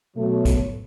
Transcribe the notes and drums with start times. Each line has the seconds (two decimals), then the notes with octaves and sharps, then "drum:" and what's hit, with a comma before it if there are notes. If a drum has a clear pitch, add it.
0.16 B2 F#3 A3
0.45 drum: kick, hi-hat